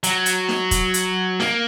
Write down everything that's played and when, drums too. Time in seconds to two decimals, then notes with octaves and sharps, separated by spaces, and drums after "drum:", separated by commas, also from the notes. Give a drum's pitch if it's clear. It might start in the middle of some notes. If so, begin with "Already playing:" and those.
0.04 F#3, drum: hi-hat
0.26 drum: hi-hat
0.48 drum: snare D#4
0.71 drum: kick, hi-hat
0.94 drum: hi-hat
1.40 A#3, drum: snare D#4